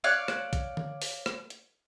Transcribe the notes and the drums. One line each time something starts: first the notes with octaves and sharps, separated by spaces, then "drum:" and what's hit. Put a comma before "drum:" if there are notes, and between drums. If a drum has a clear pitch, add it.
C#5 D5 F5 F#6
drum: rim click
drum: kick, hi-hat
drum: tom D3
drum: open hi-hat
drum: rim click
drum: hi-hat